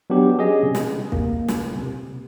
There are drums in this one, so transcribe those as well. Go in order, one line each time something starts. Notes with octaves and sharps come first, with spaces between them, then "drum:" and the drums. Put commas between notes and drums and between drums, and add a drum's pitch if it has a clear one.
F#3 B3 D4 G4
C#4 G#4 D#5
C3
drum: snare
A#3, drum: kick
drum: snare
C3